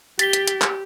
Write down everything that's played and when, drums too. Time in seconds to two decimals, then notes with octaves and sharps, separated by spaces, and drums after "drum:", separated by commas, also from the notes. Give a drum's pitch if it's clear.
0.19 G4 A6 B6 G7, drum: hi-hat
0.33 drum: hi-hat
0.47 drum: hi-hat
0.62 drum: clap